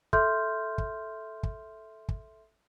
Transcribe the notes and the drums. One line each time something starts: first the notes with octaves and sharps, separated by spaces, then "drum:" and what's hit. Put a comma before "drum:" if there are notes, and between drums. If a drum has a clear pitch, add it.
A4 E5 C6 F6 G6, drum: kick
drum: kick
drum: kick
drum: kick